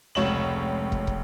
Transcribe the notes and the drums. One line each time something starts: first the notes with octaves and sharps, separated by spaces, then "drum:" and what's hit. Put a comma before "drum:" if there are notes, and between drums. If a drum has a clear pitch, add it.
F1 C#2 C#5 E7 F#7
drum: kick
drum: kick